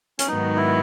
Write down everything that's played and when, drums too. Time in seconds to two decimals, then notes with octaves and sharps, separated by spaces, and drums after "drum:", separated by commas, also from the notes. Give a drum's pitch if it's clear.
0.19 C#4, drum: hi-hat
0.27 G#2 D#3 F#3 B3 D#4
0.57 E4